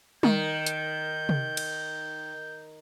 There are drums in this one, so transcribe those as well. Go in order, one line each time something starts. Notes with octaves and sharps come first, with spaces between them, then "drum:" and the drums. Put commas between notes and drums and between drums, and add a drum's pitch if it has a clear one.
D#3 G6, drum: tom G3
drum: hi-hat
drum: tom C3
drum: cymbal